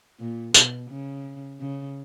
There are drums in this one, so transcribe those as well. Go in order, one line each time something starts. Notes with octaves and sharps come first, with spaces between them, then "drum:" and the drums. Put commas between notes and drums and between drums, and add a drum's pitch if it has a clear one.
A#2
B2, drum: tambourine
C#3
C#3